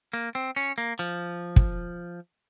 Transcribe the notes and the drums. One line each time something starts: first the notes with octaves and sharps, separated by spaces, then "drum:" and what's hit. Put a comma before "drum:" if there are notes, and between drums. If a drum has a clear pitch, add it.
A#3
C4
C#4
A#3
F3
drum: kick